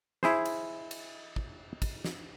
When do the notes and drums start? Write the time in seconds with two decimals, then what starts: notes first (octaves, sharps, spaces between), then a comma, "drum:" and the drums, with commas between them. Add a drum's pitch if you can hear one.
0.23 E4 G#4 C5, drum: snare
0.45 drum: cymbal
0.91 drum: cymbal
1.36 drum: kick
1.82 drum: kick, cymbal
2.04 drum: snare